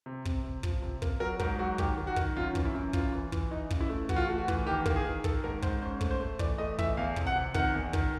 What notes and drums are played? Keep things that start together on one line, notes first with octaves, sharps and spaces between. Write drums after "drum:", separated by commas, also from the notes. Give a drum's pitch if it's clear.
C3
C3, drum: kick
C3
F3, drum: kick
C3
A#3, drum: kick
F#3 A#4
G#2 A#4, drum: kick
F#3 F#4
D#3 G4, drum: kick
D#3
F#4
D#3, drum: kick
F#2 F4
E3, drum: kick
E4
F#2
E3 F4, drum: kick
E3
E3, drum: kick
E3 D#4
C#3, drum: kick
E4
A3
E3 F#4, drum: kick
F4
F#4
A3
F#4
E3, drum: kick
D#3 G4
A#3, drum: kick
G#4
D#3
D#3 A4, drum: kick
G#2 A#4
G#2 C5, drum: kick
C#4 C5
A3, drum: kick
C5
A3
E3 D5, drum: kick
A3 D#5
E3 E5, drum: kick
E2 F5
C3, drum: kick
F#5
C3
D#3 F#5, drum: kick
E2
D#3, drum: kick